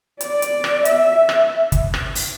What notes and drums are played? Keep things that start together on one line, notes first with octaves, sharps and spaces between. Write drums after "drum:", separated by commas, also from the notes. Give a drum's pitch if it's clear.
D5, drum: hi-hat
drum: hi-hat
drum: rim click
E5, drum: hi-hat
drum: rim click
drum: kick, hi-hat
drum: rim click
drum: open hi-hat